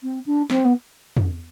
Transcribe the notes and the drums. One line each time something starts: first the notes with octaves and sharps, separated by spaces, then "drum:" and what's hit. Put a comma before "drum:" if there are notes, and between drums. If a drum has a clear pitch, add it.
C4
D4
C4, drum: snare
B3
drum: tom